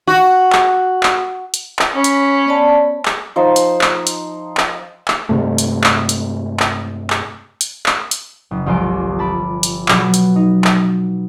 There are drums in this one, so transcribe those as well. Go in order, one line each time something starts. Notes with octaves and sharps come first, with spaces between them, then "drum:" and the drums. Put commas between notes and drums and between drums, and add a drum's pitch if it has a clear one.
F#4
drum: clap
drum: clap
drum: hi-hat
drum: clap
C#4 B5
drum: hi-hat
B3 D5 A5
drum: clap
F3 D#4 C5
drum: hi-hat
drum: clap
drum: hi-hat
drum: clap
drum: clap
G2 C3 G#3 A3
drum: hi-hat
drum: clap
drum: hi-hat
drum: clap
drum: clap
drum: hi-hat
drum: clap
drum: hi-hat
F#1
G1 C2 F3 G#3 C6 D6
A5 B5 D6
drum: hi-hat
B2 F#3 B3, drum: clap
drum: hi-hat
D#4
drum: clap